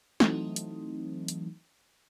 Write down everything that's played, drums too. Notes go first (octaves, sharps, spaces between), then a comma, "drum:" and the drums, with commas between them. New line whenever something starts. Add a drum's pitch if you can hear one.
E3 F#3 A3 C4 D#4, drum: snare
drum: hi-hat
drum: hi-hat